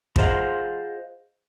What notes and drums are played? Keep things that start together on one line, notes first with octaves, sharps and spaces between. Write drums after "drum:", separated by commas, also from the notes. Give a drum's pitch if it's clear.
F4 G#4 C5 D#5 F5 F#5, drum: kick